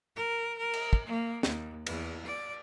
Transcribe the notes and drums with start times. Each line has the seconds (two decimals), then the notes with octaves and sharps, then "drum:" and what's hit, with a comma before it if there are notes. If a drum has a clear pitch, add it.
0.16 A#4
0.57 A#4
0.74 drum: cymbal
0.93 drum: kick
1.05 A#3
1.43 D#2, drum: snare
1.87 E2, drum: cymbal
2.24 D5